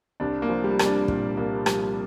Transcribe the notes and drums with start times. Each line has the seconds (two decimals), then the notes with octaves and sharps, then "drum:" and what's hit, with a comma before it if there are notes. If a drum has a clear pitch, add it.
0.20 C2 D4
0.42 A#3
0.49 F3
0.64 G3
0.79 C2, drum: rim click
0.86 D4
1.08 A#2, drum: kick
1.37 C2 A#3
1.66 F3 G3, drum: rim click